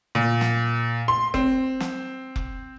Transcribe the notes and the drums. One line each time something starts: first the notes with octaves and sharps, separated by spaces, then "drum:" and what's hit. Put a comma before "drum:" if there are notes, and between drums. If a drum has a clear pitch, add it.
A#2
drum: snare
C6
C4, drum: kick F1
drum: snare
drum: kick F1